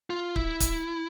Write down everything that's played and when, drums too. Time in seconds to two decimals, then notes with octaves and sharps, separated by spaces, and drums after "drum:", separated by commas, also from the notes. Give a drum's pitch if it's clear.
0.10 F4
0.36 E4, drum: kick
0.60 drum: kick, hi-hat